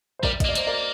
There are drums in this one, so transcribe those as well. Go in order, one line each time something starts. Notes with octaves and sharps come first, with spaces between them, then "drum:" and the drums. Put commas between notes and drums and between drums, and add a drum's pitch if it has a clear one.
C5
G3 A#4 D5, drum: kick
D#5, drum: kick, hi-hat
A#3
D5
A#3 C5, drum: hi-hat
A#4 D5